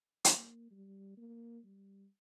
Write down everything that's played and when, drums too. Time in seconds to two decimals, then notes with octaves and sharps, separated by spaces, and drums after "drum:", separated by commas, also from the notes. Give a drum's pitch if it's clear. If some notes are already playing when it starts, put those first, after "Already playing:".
0.25 A#3, drum: hi-hat
0.71 G3
1.17 A#3
1.64 G3